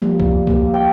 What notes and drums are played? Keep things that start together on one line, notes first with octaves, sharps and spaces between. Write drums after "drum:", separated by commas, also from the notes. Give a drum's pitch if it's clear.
F3 G3 A#3
drum: kick C2
A#3 G4, drum: kick C2
G5